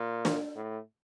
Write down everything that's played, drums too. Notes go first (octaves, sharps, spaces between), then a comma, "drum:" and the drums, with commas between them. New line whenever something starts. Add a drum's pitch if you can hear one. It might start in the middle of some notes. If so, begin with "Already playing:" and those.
Already playing: A#2
drum: snare
A2